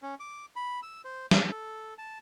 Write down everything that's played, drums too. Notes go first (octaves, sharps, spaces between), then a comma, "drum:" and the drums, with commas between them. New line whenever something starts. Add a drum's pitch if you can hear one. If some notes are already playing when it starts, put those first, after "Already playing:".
C#4
D6
B5
E6
C5
F5, drum: snare
A4
A5